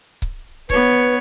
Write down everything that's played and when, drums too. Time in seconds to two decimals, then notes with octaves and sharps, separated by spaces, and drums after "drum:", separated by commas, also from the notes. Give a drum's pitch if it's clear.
0.22 drum: kick C#1
0.70 B3 B4 C#5, drum: kick C#1